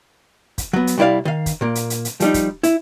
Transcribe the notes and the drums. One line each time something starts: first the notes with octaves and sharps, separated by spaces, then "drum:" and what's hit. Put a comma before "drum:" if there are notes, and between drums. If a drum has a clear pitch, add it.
drum: kick, hi-hat
F#3 B3
drum: hi-hat
C2 G3 E4 D5 F5
D#3 F5
drum: kick, hi-hat
A#2 A#3
drum: hi-hat
drum: hi-hat
drum: hi-hat
F3 G3 D#4, drum: hi-hat
drum: kick, hi-hat
E4, drum: hi-hat